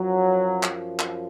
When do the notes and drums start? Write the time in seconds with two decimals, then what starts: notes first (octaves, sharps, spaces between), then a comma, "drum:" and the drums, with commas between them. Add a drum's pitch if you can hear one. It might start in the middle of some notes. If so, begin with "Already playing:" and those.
Already playing: F#2 F3 F#3
0.63 drum: clap
1.00 drum: clap